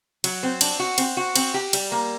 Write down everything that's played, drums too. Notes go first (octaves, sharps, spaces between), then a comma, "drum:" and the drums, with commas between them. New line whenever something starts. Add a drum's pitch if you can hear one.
F#3, drum: cymbal
C4
D4, drum: cymbal
F#4
C4, drum: cymbal
F#4
C4, drum: cymbal
G4
G3, drum: cymbal
A#3